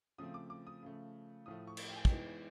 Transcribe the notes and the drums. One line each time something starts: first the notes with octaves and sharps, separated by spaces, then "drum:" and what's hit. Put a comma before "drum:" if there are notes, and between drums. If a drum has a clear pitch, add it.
C#3 F3 A3 C4 D#6
D6
D6
D#6
C#3 F3 A3
A2 F3 A3 D#6
C#6
drum: cymbal
G5
G#5
G5, drum: kick
E3 G#3 B3 D#4